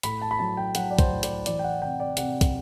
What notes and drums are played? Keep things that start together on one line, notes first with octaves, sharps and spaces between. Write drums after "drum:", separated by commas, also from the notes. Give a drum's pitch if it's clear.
A2 B5, drum: hi-hat
A5
B5
F#3 A5
G5
F#3 F#5, drum: hi-hat
D5
C5, drum: kick, hi-hat
A2
D5, drum: hi-hat
E3 D5, drum: hi-hat
G5
F#5
C3 G5
D5
C3 F#5, drum: hi-hat
drum: kick, hi-hat